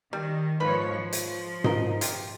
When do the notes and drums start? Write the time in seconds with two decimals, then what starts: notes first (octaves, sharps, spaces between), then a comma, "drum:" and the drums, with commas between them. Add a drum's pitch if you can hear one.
0.13 D#3 G3
0.60 G#2 D#3 F3 B4 C#5 B5
0.94 F3
1.13 drum: hi-hat
1.64 A#4 D#5, drum: tom G#2
2.01 F4 G4, drum: hi-hat